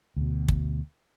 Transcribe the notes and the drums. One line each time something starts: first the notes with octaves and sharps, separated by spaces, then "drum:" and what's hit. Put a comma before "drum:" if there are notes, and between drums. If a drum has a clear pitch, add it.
D2 B2
drum: kick